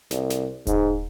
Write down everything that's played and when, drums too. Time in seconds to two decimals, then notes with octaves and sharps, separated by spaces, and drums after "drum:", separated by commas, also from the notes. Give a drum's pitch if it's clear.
0.11 C2, drum: snare
0.30 drum: snare
0.67 G#2, drum: kick D#1, hi-hat